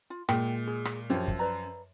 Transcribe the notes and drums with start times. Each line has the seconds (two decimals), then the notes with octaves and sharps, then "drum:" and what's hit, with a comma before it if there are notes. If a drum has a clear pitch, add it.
0.10 F4
0.29 A#2 G#3 G5, drum: rim click
0.67 G#4
0.85 drum: rim click
1.10 F#2 F3 G4 C#5
1.28 drum: kick
1.39 B4 D5 A#5